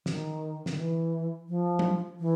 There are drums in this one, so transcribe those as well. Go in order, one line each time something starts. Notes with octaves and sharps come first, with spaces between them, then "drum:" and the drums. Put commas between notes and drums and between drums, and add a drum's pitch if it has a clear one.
D#3, drum: snare
D#3, drum: snare
E3
F3
drum: tom F#3
E3